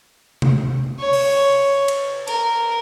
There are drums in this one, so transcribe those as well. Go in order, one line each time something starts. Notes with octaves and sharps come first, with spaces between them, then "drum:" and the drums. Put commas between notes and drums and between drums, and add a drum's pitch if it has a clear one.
drum: tom C3
C#5
drum: open hi-hat
drum: cymbal
A#4, drum: cymbal